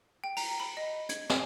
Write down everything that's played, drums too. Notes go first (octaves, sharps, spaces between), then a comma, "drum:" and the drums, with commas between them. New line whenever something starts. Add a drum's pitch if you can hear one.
G5
A#5, drum: open hi-hat
B5
D#5
G#6, drum: hi-hat
G#5, drum: snare